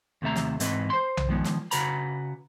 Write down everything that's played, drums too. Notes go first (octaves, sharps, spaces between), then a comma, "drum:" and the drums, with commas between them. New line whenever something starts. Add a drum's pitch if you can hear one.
D#2 C3 A3 E5 A#5
drum: snare
G#2 E3 C4 B4 D#5, drum: hi-hat
C5 C6
drum: tom B1
D#3 F3 G#3 B3
drum: snare
C#3 F#4 B4 A#5 B5, drum: hi-hat